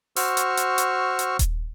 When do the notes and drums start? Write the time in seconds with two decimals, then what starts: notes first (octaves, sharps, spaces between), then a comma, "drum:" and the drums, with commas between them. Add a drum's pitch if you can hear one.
0.16 F#4 C5 C#6 E6 F6, drum: open hi-hat
0.37 drum: hi-hat
0.57 drum: hi-hat
0.78 drum: hi-hat
1.19 drum: hi-hat
1.39 drum: kick D#1, hi-hat